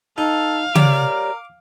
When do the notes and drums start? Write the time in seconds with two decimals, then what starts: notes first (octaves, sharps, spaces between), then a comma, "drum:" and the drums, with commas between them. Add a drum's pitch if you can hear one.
0.18 D#4 A4 F5
0.75 G4 A#4 C#5 D5 D6, drum: tom C#3